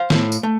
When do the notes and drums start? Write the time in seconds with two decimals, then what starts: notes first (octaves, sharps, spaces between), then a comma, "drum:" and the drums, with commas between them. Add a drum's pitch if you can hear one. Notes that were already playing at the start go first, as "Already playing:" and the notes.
Already playing: C5 F5
0.10 A2, drum: snare
0.32 drum: tambourine
0.43 A3